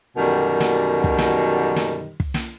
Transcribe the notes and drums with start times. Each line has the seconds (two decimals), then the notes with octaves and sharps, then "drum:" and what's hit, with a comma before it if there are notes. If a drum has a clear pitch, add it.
0.17 F#2 B2 D3 D#3 G3
0.60 drum: snare
1.04 drum: kick
1.18 drum: snare
1.76 drum: snare
2.20 drum: kick
2.34 drum: snare